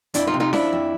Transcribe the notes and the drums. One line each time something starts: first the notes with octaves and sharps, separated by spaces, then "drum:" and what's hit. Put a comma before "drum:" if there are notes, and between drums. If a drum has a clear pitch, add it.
F2 D4 E4, drum: hi-hat
D#4 F4
C3
D#4 F4
F3 D4 E4, drum: snare C#4
F2